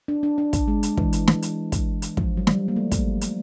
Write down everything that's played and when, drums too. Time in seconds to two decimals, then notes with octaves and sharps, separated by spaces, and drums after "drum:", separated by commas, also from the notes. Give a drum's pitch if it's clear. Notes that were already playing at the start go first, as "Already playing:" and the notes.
0.08 D4
0.23 D4
0.38 D4
0.53 drum: kick, hi-hat
0.68 G#3
0.83 drum: hi-hat
0.97 E3, drum: kick
1.13 drum: hi-hat
1.27 drum: snare
1.42 drum: hi-hat
1.72 drum: kick, hi-hat
2.02 drum: hi-hat
2.17 F3, drum: kick
2.37 F#3
2.47 G3, drum: snare
2.68 A#3
2.76 A3
2.92 drum: kick, hi-hat
3.21 drum: hi-hat